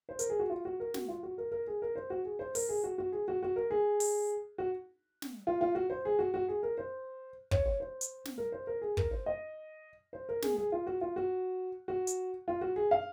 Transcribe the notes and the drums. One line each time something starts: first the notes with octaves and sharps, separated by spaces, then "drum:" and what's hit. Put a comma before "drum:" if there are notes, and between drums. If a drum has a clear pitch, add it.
C5
A#4, drum: hi-hat
G#4
F#4
F4
F#4
A#4
F#4, drum: snare
F4
F#4
A#4
A#4
G#4
A#4
C5
F#4
G#4
C5
A#4, drum: open hi-hat
G#4
F#4
F#4
G#4
F#4
F#4
A#4
G#4
drum: open hi-hat
F#4
drum: snare
F4
F4
F#4
C5
G#4
F#4
F#4
G#4
A#4
C5
C#5, drum: kick
C#5
C5
drum: hi-hat
drum: snare
A#4
C5
A#4
G#4
A#4, drum: kick
C5
D#5
C5
A#4
G#4, drum: snare
G#4
F4
F#4
F4
F#4
F#4
drum: hi-hat
F4
F#4
G#4
F5